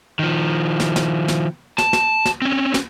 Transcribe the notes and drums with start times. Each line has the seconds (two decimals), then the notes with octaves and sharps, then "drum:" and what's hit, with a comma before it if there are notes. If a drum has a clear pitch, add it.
0.19 D#3 F3
0.80 drum: snare
0.96 drum: snare
1.28 drum: snare
1.78 A5, drum: snare
1.93 drum: snare
2.26 drum: snare
2.42 C4 C#4
2.74 drum: snare